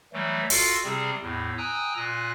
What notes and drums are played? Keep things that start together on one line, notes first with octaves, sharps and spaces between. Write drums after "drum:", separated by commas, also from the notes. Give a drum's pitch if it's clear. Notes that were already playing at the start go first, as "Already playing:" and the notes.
E3 F#3 G3 A3
F4 F#4 A4 F5, drum: open hi-hat
C3 G3 C4 G#4
E2 A2
G5 G#5 A#5 D#6 E6 F#6
A#2 G#5 F#6 A#6